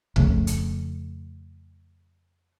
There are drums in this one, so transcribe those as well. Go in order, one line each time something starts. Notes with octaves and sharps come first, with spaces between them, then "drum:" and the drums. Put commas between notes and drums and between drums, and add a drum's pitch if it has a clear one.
F2 C#3 A3, drum: kick
drum: hi-hat